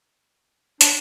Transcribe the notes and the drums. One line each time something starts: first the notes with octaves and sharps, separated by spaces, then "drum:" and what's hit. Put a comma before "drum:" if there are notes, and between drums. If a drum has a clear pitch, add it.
D4 C#5, drum: hi-hat